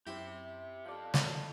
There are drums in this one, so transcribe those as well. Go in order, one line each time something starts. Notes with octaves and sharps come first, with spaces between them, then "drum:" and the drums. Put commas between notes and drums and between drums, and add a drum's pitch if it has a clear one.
F#2 E4 G4 C5 G5
F3 A4 D5 F5
drum: snare